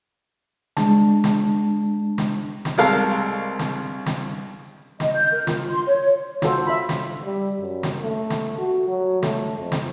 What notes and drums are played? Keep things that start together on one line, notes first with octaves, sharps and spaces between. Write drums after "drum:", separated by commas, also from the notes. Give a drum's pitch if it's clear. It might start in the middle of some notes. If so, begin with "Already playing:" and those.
G#3 D4 A5, drum: snare
drum: snare
drum: snare
drum: snare
C2 G#3 A4 A#4 F5
drum: snare
drum: snare
D#5, drum: snare
G6
A#4
F4, drum: snare
C6
C#5
C#5
F4 F#4 A4 C5, drum: snare
E5 B5
drum: snare
G3
F#2
drum: snare
A3
drum: snare
F#4
F#3
A3, drum: snare
F2
drum: snare